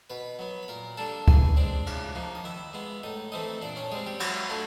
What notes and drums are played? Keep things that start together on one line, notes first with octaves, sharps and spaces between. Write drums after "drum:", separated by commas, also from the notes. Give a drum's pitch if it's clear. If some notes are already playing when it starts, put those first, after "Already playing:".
B2 B4 B5
F#3 B3
B5
A#2 A#4 A#5
G3 A#3 D4 A4 A5
E3 G#4 G#5, drum: kick C#2
G#3 C4 D4 D5
C#3, drum: cymbal
F3 A#3 D#4
D#5
D#3 E4 E5
G#3 B3 E4
A2 D#4 D#5
E3 A3 C4 D#4 E4 D#5
A#2 D4 D5
C#4 C#5
G3 G#3 C4 G#4
G3 G4
F#3 F#4, drum: cymbal
A3 D4 F4